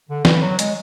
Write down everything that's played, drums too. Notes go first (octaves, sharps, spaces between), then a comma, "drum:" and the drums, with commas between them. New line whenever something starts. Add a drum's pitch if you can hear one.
D3
E3, drum: snare
F#3
G#3, drum: hi-hat